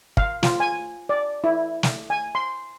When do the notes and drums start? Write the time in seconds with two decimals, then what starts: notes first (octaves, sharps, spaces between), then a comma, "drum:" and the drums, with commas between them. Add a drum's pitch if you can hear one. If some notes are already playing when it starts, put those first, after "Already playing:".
0.17 F5, drum: kick
0.43 F4, drum: snare
0.60 G#5
1.09 D5
1.44 E4
1.83 drum: snare
2.10 G#5
2.35 C6